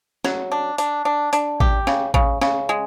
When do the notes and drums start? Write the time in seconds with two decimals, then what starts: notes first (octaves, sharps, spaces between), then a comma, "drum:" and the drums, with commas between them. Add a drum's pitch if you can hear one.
0.24 F#3, drum: snare
0.52 D4
0.78 D4, drum: hi-hat
1.05 D4
1.33 D4, drum: hi-hat
1.60 G4, drum: kick A1
1.87 C#3, drum: snare
2.14 C#3, drum: kick A1
2.41 C#3, drum: snare
2.69 G#3